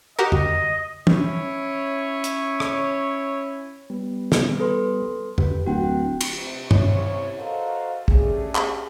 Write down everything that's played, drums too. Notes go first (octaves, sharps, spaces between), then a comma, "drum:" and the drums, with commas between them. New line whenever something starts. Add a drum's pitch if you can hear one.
F#4 G4 A#4 D#5
drum: tom F2
C#4 E4 C#5, drum: tom
drum: hi-hat
drum: rim click
G3 B3
drum: snare
A4 B4 C6
G4 B4, drum: tom F2
D1 F#4 F#5 G5
drum: cymbal
C3
C2 C3 C#4 E4 C#5, drum: tom
F#4 A4 A#4 C5 D#5 F5
A3 C#4 D4 G4 G#4, drum: kick
drum: clap